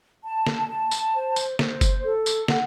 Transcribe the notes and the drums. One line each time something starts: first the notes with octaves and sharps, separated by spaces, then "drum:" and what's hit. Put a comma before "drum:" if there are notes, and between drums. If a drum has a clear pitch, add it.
A5
drum: snare
A5
drum: tambourine
C5
drum: tambourine
C5, drum: snare
drum: kick F#1, tambourine
A4
drum: tambourine
F#5, drum: snare